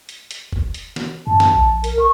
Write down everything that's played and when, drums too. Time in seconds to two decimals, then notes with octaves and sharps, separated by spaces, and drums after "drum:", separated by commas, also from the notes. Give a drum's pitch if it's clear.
0.09 drum: hi-hat
0.31 drum: hi-hat
0.53 drum: kick F1
0.74 drum: hi-hat
0.96 drum: snare
1.27 G2 A5
1.40 drum: snare
1.55 A#1
1.84 A#4, drum: hi-hat
1.99 C#6